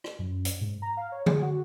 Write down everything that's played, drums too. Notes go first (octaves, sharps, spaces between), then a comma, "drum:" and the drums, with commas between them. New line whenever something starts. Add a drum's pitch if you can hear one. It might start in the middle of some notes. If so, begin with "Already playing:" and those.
drum: rim click
F#2
drum: hi-hat
G#2
A#5
F5
C#5
G#4, drum: tom D3
F#4